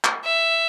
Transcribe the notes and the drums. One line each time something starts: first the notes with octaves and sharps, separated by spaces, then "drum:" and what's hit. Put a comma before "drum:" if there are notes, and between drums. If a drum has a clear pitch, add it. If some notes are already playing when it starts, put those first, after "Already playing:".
drum: clap
E5